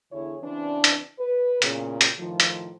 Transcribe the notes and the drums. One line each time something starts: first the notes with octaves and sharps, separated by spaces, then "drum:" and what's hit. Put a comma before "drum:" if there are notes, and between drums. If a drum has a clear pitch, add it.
E2 D3 E4 G#4 C#5
C#3 E3 C4 D4
drum: hi-hat
B4
E2 A#2 C#3, drum: hi-hat
drum: hi-hat
A2 D#3 F3
drum: hi-hat